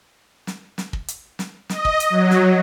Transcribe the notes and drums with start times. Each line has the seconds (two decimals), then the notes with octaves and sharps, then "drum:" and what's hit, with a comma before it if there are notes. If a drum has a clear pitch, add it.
0.47 drum: snare
0.78 drum: snare
0.93 drum: kick
1.08 drum: hi-hat
1.39 drum: snare
1.70 D#5, drum: snare
1.85 drum: kick
2.00 drum: hi-hat
2.10 F#3
2.31 drum: snare